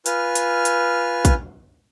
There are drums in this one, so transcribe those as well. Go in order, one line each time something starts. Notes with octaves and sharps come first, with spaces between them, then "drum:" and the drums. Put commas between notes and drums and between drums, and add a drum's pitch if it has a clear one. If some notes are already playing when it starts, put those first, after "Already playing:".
F4 B4 G#5 F6, drum: hi-hat
drum: hi-hat
drum: hi-hat
drum: kick, hi-hat